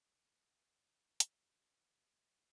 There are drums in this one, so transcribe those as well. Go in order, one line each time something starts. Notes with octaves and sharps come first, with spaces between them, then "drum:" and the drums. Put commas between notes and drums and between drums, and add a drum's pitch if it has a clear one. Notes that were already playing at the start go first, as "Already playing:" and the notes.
drum: hi-hat
D#3 F#4 A#4 C5 D5
F#3